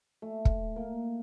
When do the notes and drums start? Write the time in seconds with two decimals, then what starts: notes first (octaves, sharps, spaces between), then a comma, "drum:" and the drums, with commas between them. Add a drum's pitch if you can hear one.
0.22 A3
0.45 drum: kick
0.76 A#3